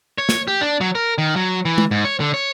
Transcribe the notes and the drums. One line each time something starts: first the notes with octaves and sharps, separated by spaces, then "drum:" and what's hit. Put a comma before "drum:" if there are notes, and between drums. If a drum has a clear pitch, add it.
C#5
drum: snare
G4
D4
F#3
A#4
D#3
F#3
E3
drum: tom G#3
G#2
C#5
D3
C#5